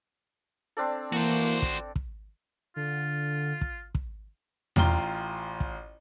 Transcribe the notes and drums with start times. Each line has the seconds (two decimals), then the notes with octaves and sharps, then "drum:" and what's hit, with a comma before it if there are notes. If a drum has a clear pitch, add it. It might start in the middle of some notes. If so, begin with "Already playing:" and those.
0.77 C4 D4 A4
1.13 E3 A#3 F#4 C5
1.62 drum: kick
1.96 drum: kick
2.76 D3 F4
3.61 drum: kick
3.95 drum: kick
4.76 A1 F4 G5 A#5 G7, drum: tom E2
5.60 drum: kick